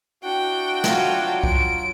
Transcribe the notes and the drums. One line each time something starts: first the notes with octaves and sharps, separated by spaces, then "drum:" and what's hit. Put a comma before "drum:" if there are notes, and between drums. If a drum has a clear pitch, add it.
D4 E4 F#4 G5
F#3 F4, drum: snare
D7, drum: kick